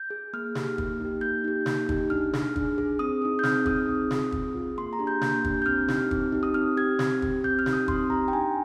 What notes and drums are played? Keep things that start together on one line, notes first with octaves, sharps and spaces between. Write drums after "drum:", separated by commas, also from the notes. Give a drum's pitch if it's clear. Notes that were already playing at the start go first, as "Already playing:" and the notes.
Already playing: G6
G#4
A#3 F6
D#4 G4, drum: snare
A#3, drum: kick
D#4 G4
A#3 G6
D#4 G4
A#3, drum: snare
D#4 G4, drum: kick
D4 F6
G#4, drum: snare
D4, drum: kick
G#4
C4 D#6
D#4 G#4
G6
C4 F6, drum: snare
D#4 G#4 D#6, drum: kick
C4
F4 G#4, drum: snare
C4, drum: kick
F4 G#4
A#3 C6
A#5
D4 G4
G6
A#3 G6, drum: snare
D4 G4, drum: kick
G6
C4 F6
D#4 G4, drum: snare
C4, drum: kick
D#4 G4
D#6
C4 F6
G4 G#6
C4, drum: snare
G4, drum: kick
C4 G6
F6
D#4 G4, drum: snare
D#6
C4 C6, drum: kick
D#4 G4 A#5
G5
D4 G#5